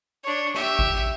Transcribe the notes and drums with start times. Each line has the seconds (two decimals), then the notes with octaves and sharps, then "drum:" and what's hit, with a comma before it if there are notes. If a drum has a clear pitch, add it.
0.24 D4 C#5
0.54 G4 E5, drum: snare
0.79 drum: kick G#1